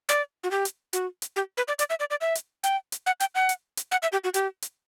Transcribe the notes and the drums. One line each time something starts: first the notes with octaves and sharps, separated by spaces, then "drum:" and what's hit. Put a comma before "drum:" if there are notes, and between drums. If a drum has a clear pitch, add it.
D5, drum: hi-hat
F#4
G4
drum: hi-hat
F#4, drum: hi-hat
drum: hi-hat
G4
B4
D5
D5, drum: hi-hat
E5
D5
D5
E5
drum: hi-hat
G5, drum: hi-hat
drum: hi-hat
F#5
G5, drum: hi-hat
F#5
drum: hi-hat
drum: hi-hat
F#5
E5
G4
F#4
G4, drum: hi-hat
drum: hi-hat